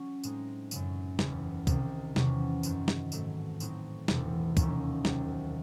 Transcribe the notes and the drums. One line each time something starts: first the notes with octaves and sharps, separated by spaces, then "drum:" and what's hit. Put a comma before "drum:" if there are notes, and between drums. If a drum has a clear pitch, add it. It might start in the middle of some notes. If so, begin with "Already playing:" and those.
Already playing: F#3 C#4
A2 G#3 C4 D#4 G#4, drum: tambourine
F#2 C#3 F#3, drum: tambourine
F#1 E2 C#3, drum: snare
C2 C3 D#3, drum: kick, tambourine
E2 C3 F#3 C#4, drum: snare
F#2 D#3 F#3 C4 F#4, drum: tambourine
drum: snare
A1 G#2 F#3 A3, drum: tambourine
A2 F#3 C4 D#4 F#4, drum: tambourine
E1 E2 C3, drum: snare
E1 D#2 D#3 F#3 C#4, drum: kick, tambourine
C2 C3 F#3, drum: snare